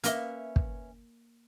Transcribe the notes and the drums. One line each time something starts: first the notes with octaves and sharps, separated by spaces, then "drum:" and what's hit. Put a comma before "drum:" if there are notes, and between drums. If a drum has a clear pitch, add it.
A#3 C#4 B4 D#5 E5, drum: hi-hat
drum: kick